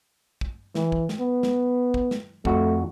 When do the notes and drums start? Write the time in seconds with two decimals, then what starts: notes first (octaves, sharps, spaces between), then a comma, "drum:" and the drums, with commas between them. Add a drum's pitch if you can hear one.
0.41 drum: kick
0.75 E3, drum: snare
0.92 drum: kick
1.09 drum: snare
1.20 B3
1.43 drum: snare
1.94 drum: kick
2.11 drum: snare
2.45 F2 A3 F#4, drum: kick